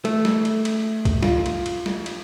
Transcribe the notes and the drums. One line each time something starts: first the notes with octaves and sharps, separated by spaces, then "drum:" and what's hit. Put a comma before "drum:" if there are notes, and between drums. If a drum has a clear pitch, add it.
A3, drum: cymbal
drum: snare
drum: cymbal
drum: cymbal
drum: kick, cymbal
F4, drum: snare
drum: cymbal
drum: cymbal
drum: snare
drum: cymbal